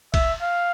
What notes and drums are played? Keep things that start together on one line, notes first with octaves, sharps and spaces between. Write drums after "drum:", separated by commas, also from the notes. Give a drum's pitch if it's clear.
E5, drum: kick B1, cymbal
F5